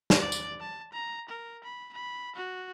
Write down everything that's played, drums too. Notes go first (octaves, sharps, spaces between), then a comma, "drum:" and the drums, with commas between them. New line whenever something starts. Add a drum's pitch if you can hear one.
drum: snare
D5
drum: tambourine
A5
A#5
A#4
B5
B5
F#4